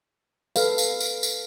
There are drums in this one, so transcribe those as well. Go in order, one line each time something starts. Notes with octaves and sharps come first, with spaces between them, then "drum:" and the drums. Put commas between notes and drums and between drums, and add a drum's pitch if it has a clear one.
A4 B4 F5, drum: tambourine
drum: tambourine
drum: tambourine
drum: tambourine